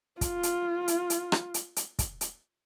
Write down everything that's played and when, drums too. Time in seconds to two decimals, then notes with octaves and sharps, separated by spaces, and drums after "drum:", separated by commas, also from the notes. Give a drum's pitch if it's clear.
0.21 F4, drum: kick, hi-hat
0.43 drum: hi-hat
0.88 drum: hi-hat
1.10 drum: hi-hat
1.32 drum: rim click
1.54 drum: hi-hat
1.76 drum: hi-hat
1.99 drum: kick, hi-hat
2.21 drum: hi-hat